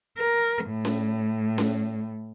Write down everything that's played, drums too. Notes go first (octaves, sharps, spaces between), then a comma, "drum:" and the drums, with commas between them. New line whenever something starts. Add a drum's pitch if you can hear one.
A#4
A2
drum: snare C#4
drum: snare C#4